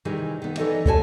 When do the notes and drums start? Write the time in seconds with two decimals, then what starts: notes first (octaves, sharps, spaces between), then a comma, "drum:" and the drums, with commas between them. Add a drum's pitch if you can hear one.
0.05 C3 D#3 E3 G3 G#4
0.42 D#3 B3
0.57 E3 D#4 A4 D5 D#5
0.86 C#3 F#4 A4 B4 G#5 A5, drum: kick